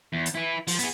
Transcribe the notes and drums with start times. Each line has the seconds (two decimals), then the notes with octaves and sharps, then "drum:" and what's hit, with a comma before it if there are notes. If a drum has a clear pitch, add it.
0.13 E2
0.26 drum: hi-hat
0.35 E4 B4
0.67 F3, drum: open hi-hat
0.79 B3 G#4, drum: hi-hat